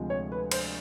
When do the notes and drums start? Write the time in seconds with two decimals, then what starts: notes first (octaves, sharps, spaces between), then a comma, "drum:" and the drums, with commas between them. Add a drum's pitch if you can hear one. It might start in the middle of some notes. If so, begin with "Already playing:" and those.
Already playing: D2 C3 F3 G#3
0.10 C#5
0.32 B4
0.51 C5, drum: cymbal